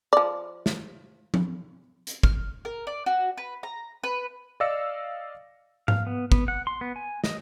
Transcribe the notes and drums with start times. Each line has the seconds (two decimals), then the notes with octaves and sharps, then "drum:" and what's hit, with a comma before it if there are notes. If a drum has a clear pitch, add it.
0.13 F3 D5
0.66 drum: snare
1.34 drum: tom F3
2.07 drum: hi-hat
2.23 F6, drum: kick
2.65 A#4
2.87 D5
3.06 F#4
3.37 B4
3.63 A#5
4.04 B4
4.60 D5 D#5 F5 E6 A#6 C#7
5.88 F5, drum: tom G#2
6.07 B3
6.32 B3, drum: kick
6.48 F#5
6.67 C6
6.81 B3
6.96 G#5
7.24 D#5, drum: snare